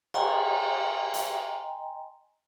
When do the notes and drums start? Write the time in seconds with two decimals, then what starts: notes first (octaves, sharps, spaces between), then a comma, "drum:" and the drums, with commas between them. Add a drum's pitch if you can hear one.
0.14 D#5 G5 G#5 A#5 C6, drum: cymbal
1.14 drum: hi-hat